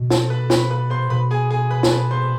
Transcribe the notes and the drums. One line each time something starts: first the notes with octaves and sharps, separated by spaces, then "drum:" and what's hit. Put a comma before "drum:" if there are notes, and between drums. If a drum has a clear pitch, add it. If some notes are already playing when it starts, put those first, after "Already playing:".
Already playing: B2
A4 A5, drum: snare
B4 B5
B4 B5, drum: snare
B4 B5
C5 C6
B2 B4 B5
G#4 G#5
G#4 G#5
B4 B5
A5, drum: snare
B4 B5
C5 C6